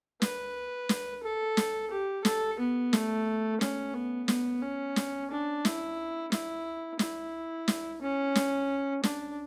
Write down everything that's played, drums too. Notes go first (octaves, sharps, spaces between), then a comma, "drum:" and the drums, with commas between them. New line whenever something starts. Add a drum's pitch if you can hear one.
B4, drum: snare
drum: snare
A4
drum: snare
G4
A4, drum: snare
B3
A3, drum: snare
C#4, drum: snare
B3
B3, drum: snare
C#4
drum: snare
D4
E4, drum: snare
E4, drum: snare
E4, drum: snare
drum: snare
C#4
drum: snare
D4, drum: snare